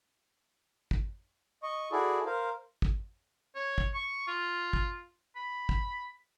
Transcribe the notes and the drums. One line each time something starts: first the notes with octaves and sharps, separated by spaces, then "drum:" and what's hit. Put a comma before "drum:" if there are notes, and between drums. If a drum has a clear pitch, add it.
drum: kick
D#5 C#6
E4 F#4 G#4 A4 D5
A#4 C5 F5
drum: kick
C#5
drum: kick
C#6
F4
drum: kick
B5
drum: kick